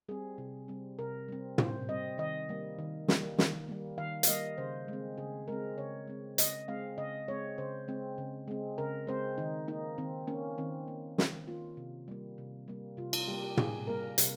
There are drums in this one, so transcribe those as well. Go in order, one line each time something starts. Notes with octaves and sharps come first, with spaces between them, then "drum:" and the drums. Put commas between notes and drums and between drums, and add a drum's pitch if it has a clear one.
G3 C4 G#4
C3
G3 C4
C3 A#4
G3 C4
C3 C5, drum: tom
G3 C4 D#5
D#3 D#5
G3 A#3
D#3
G3 A#3, drum: snare
D#3, drum: snare
G3 A#3
D#3 F5
F5, drum: hi-hat
G3 A#3 D#5
C#3 C5
G#3 C4
C#3 G#4
G#3 C4 A#4
C#3 C#5
G#3 C4
C#3 D#5, drum: hi-hat
G#3 C4 F5
C#3 D#5
G#3 C4 C#5
C#3 C5
G#3 C4
C#3
G#3 C4
C#3 A#4
G#3 C4 C5
D#3 D#4
A#3 D#4
D#3 C4
A#3 C#4
D#3 C4
A#3
D#3, drum: snare
A#3 F4
C3
G3 A#3
C3
G3 A#3
C3 F4
F4, drum: cymbal
G3 A#3 G4
G4
C3 G#4, drum: tom
G3 A#3 A#4
C3, drum: hi-hat